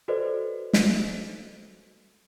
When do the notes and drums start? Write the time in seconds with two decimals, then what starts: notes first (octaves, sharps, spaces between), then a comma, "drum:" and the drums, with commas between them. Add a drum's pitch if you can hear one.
0.08 F#4 A4 B4 C5 D5 D#5
0.73 drum: snare